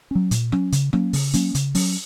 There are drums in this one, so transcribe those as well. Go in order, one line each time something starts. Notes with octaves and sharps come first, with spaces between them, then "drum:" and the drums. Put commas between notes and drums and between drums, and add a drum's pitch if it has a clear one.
F#3 C#4
A#2, drum: hi-hat
F#3 C#4, drum: rim click
C#3, drum: hi-hat
F#3 A#3 C#4, drum: rim click
C#3, drum: open hi-hat
F#3 A#3 C#4, drum: hi-hat
C#3, drum: hi-hat
F#3 C#4, drum: open hi-hat